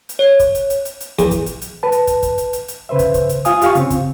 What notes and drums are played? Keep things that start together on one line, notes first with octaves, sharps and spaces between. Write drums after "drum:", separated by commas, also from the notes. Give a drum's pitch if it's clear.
drum: hi-hat
C#5
drum: kick, hi-hat
drum: hi-hat
drum: hi-hat
drum: hi-hat
drum: hi-hat
E2, drum: kick, hi-hat
drum: kick, hi-hat
drum: hi-hat
drum: hi-hat
B4 A5
drum: hi-hat
drum: kick, hi-hat
drum: kick, hi-hat
drum: hi-hat
drum: hi-hat
drum: hi-hat
C#3 B4 C5 E5
drum: kick, hi-hat
drum: kick, hi-hat
drum: hi-hat
F4 F5 G#5 D#6, drum: hi-hat
F4 G4 F5 G#5 C#6, drum: hi-hat
C#3 C4, drum: hi-hat
drum: kick, hi-hat